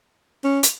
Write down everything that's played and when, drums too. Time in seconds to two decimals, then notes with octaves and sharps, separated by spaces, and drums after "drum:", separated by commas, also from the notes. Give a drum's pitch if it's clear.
0.44 C#4
0.63 drum: hi-hat